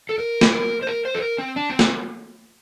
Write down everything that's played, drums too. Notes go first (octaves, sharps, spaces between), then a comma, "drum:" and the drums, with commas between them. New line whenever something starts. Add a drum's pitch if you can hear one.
A4
A#4
drum: snare
A#4
C5
A#4
C5
A4
A#4
C4
D4
C4
drum: snare